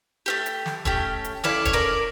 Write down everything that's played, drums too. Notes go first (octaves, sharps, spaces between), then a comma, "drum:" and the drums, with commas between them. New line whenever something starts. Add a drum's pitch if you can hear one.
A3 C#4 G4
drum: hi-hat
drum: snare
A3 C#4 G4, drum: kick
drum: hi-hat
C#4 E4 A4 D5 F5, drum: snare
C#5, drum: kick, hi-hat
A#4 D5